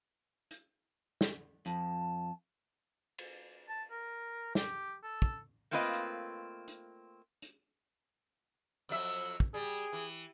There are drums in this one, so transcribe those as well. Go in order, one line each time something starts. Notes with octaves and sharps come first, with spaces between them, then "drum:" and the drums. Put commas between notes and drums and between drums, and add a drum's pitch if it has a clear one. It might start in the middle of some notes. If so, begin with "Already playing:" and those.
drum: hi-hat
drum: snare
F2 A5, drum: hi-hat
drum: cymbal
A5
A#4
G4, drum: snare
A4
drum: kick
A3 A#3 C4 F4 B4 D#5
drum: hi-hat
drum: hi-hat
drum: hi-hat
F2 F#3 E5
drum: kick
G3 G#4
E3